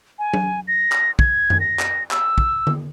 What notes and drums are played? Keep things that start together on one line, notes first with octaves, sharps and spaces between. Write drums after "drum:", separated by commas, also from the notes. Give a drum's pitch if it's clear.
G#5
drum: tom F#3
A#6
drum: clap
G#6, drum: kick
drum: tom F#2
A#6
drum: clap
E6, drum: clap
drum: kick
drum: tom D3